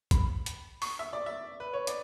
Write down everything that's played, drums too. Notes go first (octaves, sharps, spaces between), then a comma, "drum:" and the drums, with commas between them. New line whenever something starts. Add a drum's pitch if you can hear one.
B5, drum: kick, hi-hat
drum: hi-hat
C#6, drum: open hi-hat
E5
D5
E5
B4
C#5
D5, drum: hi-hat